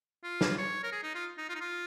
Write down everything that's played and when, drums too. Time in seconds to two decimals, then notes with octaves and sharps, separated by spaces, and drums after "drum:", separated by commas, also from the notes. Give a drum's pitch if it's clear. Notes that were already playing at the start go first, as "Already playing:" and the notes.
0.23 F4
0.41 drum: snare
0.58 C#5
0.83 A#4
0.92 G#4
1.03 D#4
1.15 F4
1.38 D#4
1.49 F4
1.55 D#4
1.60 F4